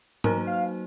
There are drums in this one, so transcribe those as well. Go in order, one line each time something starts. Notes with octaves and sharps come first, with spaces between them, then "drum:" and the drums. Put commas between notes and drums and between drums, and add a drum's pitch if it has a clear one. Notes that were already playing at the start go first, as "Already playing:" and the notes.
F#3 A#3 D#4 F#4 A#4 C5, drum: tom G#2
F5